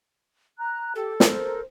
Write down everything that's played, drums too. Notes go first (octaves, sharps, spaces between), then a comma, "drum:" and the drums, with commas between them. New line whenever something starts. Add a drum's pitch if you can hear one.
A#5 F#6
G4 A4
A#4 C5, drum: snare